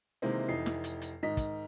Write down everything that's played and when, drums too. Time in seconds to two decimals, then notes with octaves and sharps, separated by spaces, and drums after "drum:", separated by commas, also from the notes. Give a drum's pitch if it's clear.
0.22 C3 D#3 E3 G#3 A#3 C4
0.48 F1 E3 D#4 C7
0.66 drum: snare
0.84 drum: hi-hat
1.02 drum: hi-hat
1.23 G#2 D#3 D#5 B6
1.37 drum: kick, hi-hat